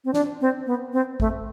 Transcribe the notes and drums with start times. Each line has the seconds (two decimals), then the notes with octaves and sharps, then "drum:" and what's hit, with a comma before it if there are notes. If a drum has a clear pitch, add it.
0.05 C4
0.13 D4, drum: snare
0.41 C4
0.66 B3
0.93 C4
1.20 A3, drum: kick G#1